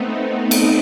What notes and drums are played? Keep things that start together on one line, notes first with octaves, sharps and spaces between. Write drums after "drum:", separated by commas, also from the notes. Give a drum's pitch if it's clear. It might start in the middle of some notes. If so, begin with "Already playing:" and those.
Already playing: A3 B3 C4 D#4
A3 C4
drum: cymbal